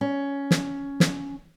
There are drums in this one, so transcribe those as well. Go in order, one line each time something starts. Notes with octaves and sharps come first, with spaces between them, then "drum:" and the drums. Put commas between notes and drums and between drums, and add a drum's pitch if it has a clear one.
C#4
drum: snare
drum: snare